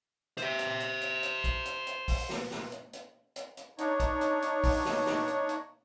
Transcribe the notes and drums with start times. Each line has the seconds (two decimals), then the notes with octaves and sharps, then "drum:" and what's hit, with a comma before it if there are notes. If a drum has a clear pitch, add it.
0.38 C5 E5, drum: hi-hat
0.59 drum: hi-hat
0.80 drum: hi-hat
1.02 drum: hi-hat
1.23 drum: hi-hat
1.44 drum: kick, hi-hat
1.65 drum: hi-hat
1.87 drum: hi-hat
2.08 drum: kick, open hi-hat
2.29 drum: snare
2.51 drum: snare
2.72 drum: hi-hat
2.93 drum: hi-hat
3.36 drum: hi-hat
3.57 drum: hi-hat
3.78 D4 D#4 C#5, drum: hi-hat
4.00 drum: kick, hi-hat
4.21 drum: hi-hat
4.42 drum: hi-hat
4.64 drum: kick, open hi-hat
4.85 drum: snare
5.06 drum: snare
5.28 drum: hi-hat
5.49 drum: hi-hat